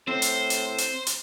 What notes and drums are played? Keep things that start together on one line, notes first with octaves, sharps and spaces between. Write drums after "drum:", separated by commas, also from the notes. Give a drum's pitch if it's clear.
A2 C4 C5
drum: hi-hat
drum: hi-hat
drum: hi-hat
drum: hi-hat